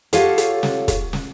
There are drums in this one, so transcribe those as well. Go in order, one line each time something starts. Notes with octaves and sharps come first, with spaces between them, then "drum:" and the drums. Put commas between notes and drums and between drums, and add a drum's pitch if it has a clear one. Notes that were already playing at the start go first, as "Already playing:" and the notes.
F4 G4 A4 C#5 F5 F#5, drum: hi-hat
drum: hi-hat
drum: snare
drum: kick, hi-hat
drum: snare